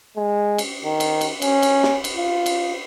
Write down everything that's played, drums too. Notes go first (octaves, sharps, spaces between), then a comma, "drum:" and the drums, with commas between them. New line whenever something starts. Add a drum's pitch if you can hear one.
G#3
drum: cymbal
D#3
drum: cymbal
drum: cymbal
C#4, drum: cymbal
drum: cymbal
drum: snare
drum: cymbal
F4
drum: cymbal